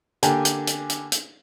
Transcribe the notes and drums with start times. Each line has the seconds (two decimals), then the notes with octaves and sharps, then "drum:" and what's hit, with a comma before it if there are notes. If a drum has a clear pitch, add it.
0.23 D3 A#3 G4 G#5, drum: hi-hat
0.45 drum: hi-hat
0.67 drum: hi-hat
0.90 drum: hi-hat
1.12 drum: hi-hat